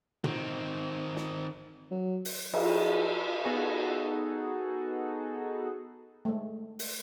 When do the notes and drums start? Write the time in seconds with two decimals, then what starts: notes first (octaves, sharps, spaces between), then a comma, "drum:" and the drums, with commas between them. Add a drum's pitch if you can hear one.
0.24 D#3 C4, drum: tom
1.16 drum: snare
1.91 F#3
2.25 drum: open hi-hat
2.54 F3 E4 G#4, drum: cymbal
3.44 B3 D#4 F#4 G#4 A4
6.25 G#3 A3
6.79 drum: open hi-hat